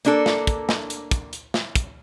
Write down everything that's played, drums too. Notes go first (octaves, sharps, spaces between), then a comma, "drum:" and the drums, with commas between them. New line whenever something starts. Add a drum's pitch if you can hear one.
A#3 D4 A4, drum: hi-hat
drum: snare
drum: kick, hi-hat
drum: snare
drum: hi-hat
drum: kick, hi-hat
drum: hi-hat
drum: snare
drum: kick, hi-hat